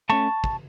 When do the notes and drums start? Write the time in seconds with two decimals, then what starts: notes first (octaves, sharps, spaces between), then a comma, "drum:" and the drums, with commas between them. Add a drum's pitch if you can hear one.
0.09 A3 C#4 A5 C#6
0.44 drum: kick